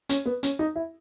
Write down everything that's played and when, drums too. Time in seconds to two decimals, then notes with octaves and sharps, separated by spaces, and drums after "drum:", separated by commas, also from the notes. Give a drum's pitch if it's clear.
0.09 C#4, drum: hi-hat
0.26 B3
0.43 C#4, drum: hi-hat
0.59 D#4
0.76 E4